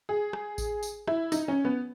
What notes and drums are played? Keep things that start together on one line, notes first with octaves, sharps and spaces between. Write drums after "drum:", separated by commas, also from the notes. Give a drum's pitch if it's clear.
G#4
drum: rim click
drum: kick A1, tambourine
drum: tambourine
E4, drum: rim click
D#4, drum: tambourine
C#4
B3